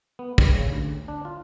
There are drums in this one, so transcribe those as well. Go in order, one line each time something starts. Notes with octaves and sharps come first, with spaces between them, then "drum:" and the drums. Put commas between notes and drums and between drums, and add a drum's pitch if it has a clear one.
B3
G3, drum: kick
C#3
D2
D4
F4